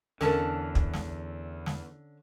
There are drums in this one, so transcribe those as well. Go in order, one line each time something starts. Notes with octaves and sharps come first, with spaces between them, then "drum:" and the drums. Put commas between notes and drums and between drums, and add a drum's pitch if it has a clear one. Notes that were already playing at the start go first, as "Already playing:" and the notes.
E2 D3 C#4 A4 A#4 A5, drum: snare
drum: kick
drum: snare
drum: snare